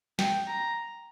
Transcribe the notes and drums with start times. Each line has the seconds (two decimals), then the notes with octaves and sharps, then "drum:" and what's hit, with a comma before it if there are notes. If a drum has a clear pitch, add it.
0.19 G5, drum: snare
0.48 A#5